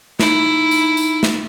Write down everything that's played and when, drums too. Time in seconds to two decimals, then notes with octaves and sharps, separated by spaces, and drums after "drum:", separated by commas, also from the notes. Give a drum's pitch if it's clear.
0.20 D#4 E4, drum: snare
0.71 drum: tambourine
0.97 drum: tambourine
1.23 drum: snare